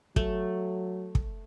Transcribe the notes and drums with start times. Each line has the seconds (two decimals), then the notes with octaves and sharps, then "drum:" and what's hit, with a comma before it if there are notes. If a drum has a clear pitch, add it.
0.16 F#3 A3, drum: kick
1.15 drum: kick